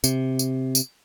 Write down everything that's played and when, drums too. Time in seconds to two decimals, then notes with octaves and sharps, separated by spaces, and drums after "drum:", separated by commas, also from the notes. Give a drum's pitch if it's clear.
0.04 C3, drum: tambourine
0.39 drum: tambourine
0.75 drum: tambourine